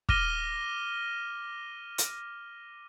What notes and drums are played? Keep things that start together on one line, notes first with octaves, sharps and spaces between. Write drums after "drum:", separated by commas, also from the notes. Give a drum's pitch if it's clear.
D6 F6 A#6 D#7 G7, drum: kick
drum: hi-hat